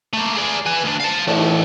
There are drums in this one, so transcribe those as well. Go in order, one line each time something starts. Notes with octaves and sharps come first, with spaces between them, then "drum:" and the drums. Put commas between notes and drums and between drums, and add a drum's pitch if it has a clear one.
A3 A#3
G#4 D5
B4 G#5
D2 D4
F5 A5
E3 A3, drum: cymbal